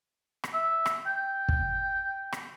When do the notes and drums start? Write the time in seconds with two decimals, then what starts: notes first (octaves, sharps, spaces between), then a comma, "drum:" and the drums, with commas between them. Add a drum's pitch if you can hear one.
0.44 drum: rim click
0.54 E5
0.86 drum: rim click
1.07 G5
1.49 drum: kick
2.32 drum: rim click